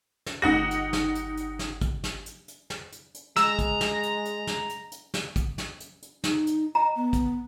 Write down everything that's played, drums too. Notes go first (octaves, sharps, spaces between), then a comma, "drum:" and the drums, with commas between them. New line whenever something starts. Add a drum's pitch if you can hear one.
drum: snare
G1 D#4 G4 F#5 A#6
drum: hi-hat
drum: snare
drum: hi-hat
drum: hi-hat
drum: snare
drum: kick, hi-hat
drum: snare
drum: hi-hat
drum: hi-hat
drum: snare
drum: hi-hat
drum: hi-hat
G#3 A#5 E6, drum: snare
drum: kick, hi-hat
drum: snare
drum: hi-hat
drum: hi-hat
drum: snare
drum: hi-hat
drum: hi-hat
drum: snare
drum: kick, hi-hat
drum: snare
drum: hi-hat
drum: hi-hat
D#4, drum: snare
drum: hi-hat
D#5 A#5
B3
drum: kick, hi-hat